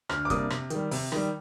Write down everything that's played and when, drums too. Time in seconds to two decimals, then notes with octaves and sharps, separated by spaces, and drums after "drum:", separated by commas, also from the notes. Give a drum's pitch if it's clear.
0.09 D2 F6, drum: rim click
0.25 D6
0.30 C3 G3 A#3 D4 D#6, drum: kick, hi-hat
0.50 C3, drum: rim click
0.70 D#3 G3, drum: hi-hat
0.91 C3, drum: open hi-hat
1.12 D#3 G3, drum: rim click